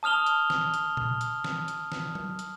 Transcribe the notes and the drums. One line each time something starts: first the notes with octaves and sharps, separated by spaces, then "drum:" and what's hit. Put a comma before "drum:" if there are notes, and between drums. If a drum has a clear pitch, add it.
A5 D#6 F6 F7 G7
drum: hi-hat
drum: snare
drum: hi-hat
drum: tom A#2
drum: hi-hat
drum: snare
drum: hi-hat
drum: snare
drum: tom F#3
drum: hi-hat